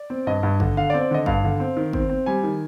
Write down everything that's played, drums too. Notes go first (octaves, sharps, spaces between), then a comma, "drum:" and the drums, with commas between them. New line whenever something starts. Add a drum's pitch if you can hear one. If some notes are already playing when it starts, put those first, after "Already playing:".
Already playing: D5
C4
G2 D#5
G2
D3, drum: kick G#1
D3 F5
D5
C4
D5
D3 D#5
G2 F5, drum: kick G#1
D3
C4
D#3
C4, drum: kick G#1
C4
G3 G#5
D#3